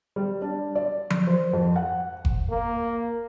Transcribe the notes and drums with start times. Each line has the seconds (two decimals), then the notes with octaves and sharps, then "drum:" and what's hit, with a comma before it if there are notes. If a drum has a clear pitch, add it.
0.16 G3
0.42 D4
0.75 D5
1.10 drum: tom F3
1.27 C5
1.53 F2
1.76 F#5
2.25 drum: kick F#1
2.51 A#3